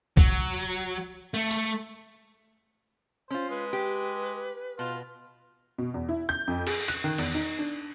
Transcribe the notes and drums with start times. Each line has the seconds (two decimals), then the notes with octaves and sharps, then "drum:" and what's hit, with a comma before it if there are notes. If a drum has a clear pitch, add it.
0.17 F#3, drum: kick
1.34 A3
1.51 drum: tambourine
3.31 C#4 F4 C5
3.50 G#3 B4
3.73 G4
4.79 B2 F4
5.78 B2
5.94 E2
6.09 E4
6.29 G6
6.48 F2
6.67 G#4, drum: cymbal
6.88 F#6, drum: hi-hat
7.04 D#3
7.18 E2, drum: cymbal
7.34 D#4
7.59 D4